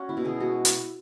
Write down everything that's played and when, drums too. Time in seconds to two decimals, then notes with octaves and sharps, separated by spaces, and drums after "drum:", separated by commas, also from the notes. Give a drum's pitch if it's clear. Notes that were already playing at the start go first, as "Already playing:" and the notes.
Already playing: C#4 F#4
0.09 E4
0.17 B2
0.25 E4 G#4
0.40 G#3 F#4
0.65 drum: hi-hat